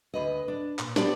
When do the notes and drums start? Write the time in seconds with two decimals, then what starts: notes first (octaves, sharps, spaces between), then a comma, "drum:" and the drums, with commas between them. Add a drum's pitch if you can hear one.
0.14 D2 B4 D#5
0.48 D4
0.79 A#2, drum: clap
0.96 B3 G4 A4 B4 C5 D5, drum: snare